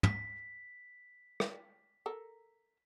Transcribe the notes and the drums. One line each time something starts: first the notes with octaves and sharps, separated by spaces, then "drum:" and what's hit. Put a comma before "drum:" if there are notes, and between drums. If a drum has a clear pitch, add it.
B6, drum: tom
drum: rim click
A4 A#4